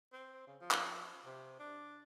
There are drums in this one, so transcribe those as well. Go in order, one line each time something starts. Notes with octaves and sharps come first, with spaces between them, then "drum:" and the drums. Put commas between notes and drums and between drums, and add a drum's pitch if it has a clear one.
C4
C#3
F3
drum: clap
C3
D4